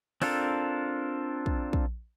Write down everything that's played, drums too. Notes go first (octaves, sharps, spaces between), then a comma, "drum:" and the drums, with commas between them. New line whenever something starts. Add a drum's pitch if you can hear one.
C4 D4 F4 A4 A#4, drum: open hi-hat
drum: kick
drum: kick